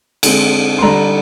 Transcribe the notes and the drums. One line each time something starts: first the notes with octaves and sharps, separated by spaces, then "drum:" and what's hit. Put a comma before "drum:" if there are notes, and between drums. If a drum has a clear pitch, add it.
D3 G#3 C4, drum: cymbal
C6
D3 G3 D4 A#5